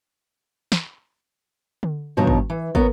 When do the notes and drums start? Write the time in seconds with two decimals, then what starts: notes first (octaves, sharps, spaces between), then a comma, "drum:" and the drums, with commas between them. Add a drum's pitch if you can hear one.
0.72 drum: snare
1.83 drum: tom D3
2.17 G2 B2 D#3 F3 C#5 A#5
2.27 drum: kick
2.50 E3
2.75 B3 A#4 C#5, drum: kick